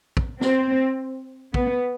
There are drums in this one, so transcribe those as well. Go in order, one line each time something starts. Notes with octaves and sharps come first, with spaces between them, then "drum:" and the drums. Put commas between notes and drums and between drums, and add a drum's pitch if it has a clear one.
drum: kick
C4, drum: snare
B3, drum: kick